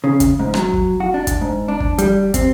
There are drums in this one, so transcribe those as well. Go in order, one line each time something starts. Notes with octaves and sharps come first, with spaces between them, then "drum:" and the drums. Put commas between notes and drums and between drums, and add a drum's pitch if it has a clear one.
C#3
drum: kick, hi-hat
G#2
F#3, drum: rim click
drum: kick
F#4
D4
drum: kick, hi-hat
G#2
D4
drum: kick
G3, drum: hi-hat
C4, drum: kick, hi-hat